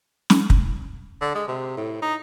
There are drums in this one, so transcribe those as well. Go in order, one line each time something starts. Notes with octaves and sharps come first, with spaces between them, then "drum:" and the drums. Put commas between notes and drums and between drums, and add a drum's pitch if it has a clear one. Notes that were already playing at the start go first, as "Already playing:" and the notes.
drum: snare
drum: kick
D3
G#3
C3
A2
D#4